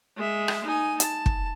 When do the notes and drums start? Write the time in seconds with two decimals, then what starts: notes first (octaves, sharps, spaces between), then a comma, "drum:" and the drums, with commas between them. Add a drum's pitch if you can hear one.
0.16 G#3 E5
0.48 drum: rim click
0.64 D#4 G#5
1.00 A5, drum: hi-hat
1.26 drum: kick